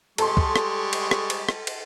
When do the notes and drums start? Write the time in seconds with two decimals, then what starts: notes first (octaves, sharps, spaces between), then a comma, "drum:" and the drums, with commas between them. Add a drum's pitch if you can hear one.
0.18 G3 G#3 A4 A5 C6 C#6, drum: cymbal
0.37 drum: kick
0.56 drum: rim click
0.93 drum: cymbal
1.11 drum: rim click
1.30 drum: cymbal
1.49 drum: rim click
1.67 drum: cymbal